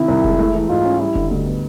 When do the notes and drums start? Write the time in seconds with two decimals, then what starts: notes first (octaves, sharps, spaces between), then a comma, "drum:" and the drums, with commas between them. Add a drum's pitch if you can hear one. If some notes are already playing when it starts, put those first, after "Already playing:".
Already playing: C3 D#3 E4
0.08 C2
0.24 G#3, drum: kick F1
0.39 A3
0.55 E3
0.69 G#2 F4
0.85 C#4
1.00 G3 E4
1.15 D3, drum: kick F1
1.31 D2
1.46 B3